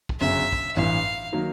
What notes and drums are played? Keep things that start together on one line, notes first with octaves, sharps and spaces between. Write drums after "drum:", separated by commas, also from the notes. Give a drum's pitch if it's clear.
drum: kick
G1 F#2 C#3 E5
drum: kick
A1 G2 E3 F5
D#3 F#3 A#3